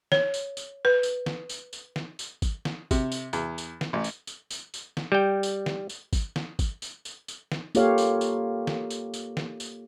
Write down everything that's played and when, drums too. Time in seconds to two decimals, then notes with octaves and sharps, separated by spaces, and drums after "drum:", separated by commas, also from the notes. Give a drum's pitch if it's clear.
0.12 C#5, drum: snare
0.34 drum: tambourine
0.57 drum: tambourine
0.85 B4
1.03 drum: tambourine
1.26 drum: snare
1.50 drum: tambourine
1.73 drum: tambourine
1.96 drum: snare
2.19 drum: tambourine
2.42 drum: kick, tambourine
2.65 drum: snare
2.91 C3, drum: kick, tambourine
3.12 drum: tambourine
3.33 E2, drum: tambourine
3.58 drum: tambourine
3.81 drum: snare
3.93 A1
4.04 drum: tambourine
4.27 drum: tambourine
4.51 drum: tambourine
4.74 drum: tambourine
4.97 drum: snare
5.12 G3 G5
5.43 drum: tambourine
5.66 drum: snare
5.89 drum: tambourine
6.13 drum: kick, tambourine
6.36 drum: snare
6.59 drum: kick, tambourine
6.82 drum: tambourine
7.05 drum: tambourine
7.28 drum: tambourine
7.52 drum: snare
7.75 A#3 F4 G4 A4 C#5 F5, drum: tambourine
7.98 drum: tambourine
8.21 drum: tambourine
8.67 drum: snare
8.90 drum: tambourine
9.14 drum: tambourine
9.37 drum: snare
9.60 drum: tambourine